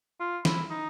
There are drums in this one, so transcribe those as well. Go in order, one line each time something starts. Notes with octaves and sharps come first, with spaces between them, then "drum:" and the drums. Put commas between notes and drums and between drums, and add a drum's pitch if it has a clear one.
F4
E4, drum: snare
D#4